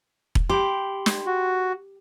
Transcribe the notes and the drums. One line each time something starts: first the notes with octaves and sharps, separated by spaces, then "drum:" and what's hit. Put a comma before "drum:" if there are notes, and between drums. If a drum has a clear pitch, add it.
drum: kick E1
G4 G5 B5 C6
drum: snare
F#4